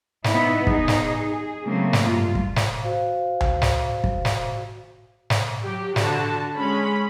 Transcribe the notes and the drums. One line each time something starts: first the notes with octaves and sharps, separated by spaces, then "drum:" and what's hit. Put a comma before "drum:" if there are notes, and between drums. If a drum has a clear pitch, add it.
B3 D#4 E4, drum: snare
D#4 G#4, drum: kick
drum: snare
G#4
C#3 F#3 A3 A#3 C4
drum: snare
G2 F4
drum: kick
drum: snare
F#4 C5 F5
drum: tom C#2
drum: snare
drum: kick
drum: snare
drum: snare
F#3 G4
D3 F#4 A5, drum: snare
G#3 C#4 B5